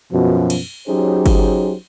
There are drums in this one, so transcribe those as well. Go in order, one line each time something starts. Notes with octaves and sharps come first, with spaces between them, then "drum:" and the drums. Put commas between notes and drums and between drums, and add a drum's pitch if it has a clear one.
F#2 B2 F3
drum: cymbal
F#3 C#4 D#4 G4 G#4 C5
drum: kick G1, cymbal